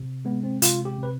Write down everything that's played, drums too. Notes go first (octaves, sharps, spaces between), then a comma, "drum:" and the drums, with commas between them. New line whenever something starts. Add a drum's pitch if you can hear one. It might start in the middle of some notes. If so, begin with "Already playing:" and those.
Already playing: C3
G#3 B3
C4
C3 F4, drum: hi-hat
G4
C3 B4